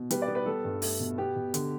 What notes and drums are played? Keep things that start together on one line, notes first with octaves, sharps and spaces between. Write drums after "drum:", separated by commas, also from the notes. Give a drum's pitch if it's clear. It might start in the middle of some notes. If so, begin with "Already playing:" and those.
Already playing: B2
G3 B4, drum: hi-hat
D5
B3
B4
G3 A4
G2
A3, drum: open hi-hat
B2
B3 G4
B2
D3, drum: hi-hat